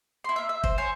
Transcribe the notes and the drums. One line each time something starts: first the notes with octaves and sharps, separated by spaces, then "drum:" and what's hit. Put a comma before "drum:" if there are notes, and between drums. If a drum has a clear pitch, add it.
E4 C6
A#3 E5
E5
C5, drum: kick
C5 C#5 G#5 C6